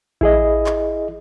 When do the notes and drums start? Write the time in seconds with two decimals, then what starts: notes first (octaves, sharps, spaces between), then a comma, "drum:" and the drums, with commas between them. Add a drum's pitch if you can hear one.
0.21 E4 G#4 D#5, drum: kick A1
0.66 drum: clap